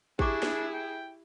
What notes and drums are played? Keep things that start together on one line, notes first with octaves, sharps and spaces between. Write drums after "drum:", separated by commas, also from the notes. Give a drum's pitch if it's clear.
D4 E4 G4 G#4 C#6 D6, drum: kick
drum: snare
G5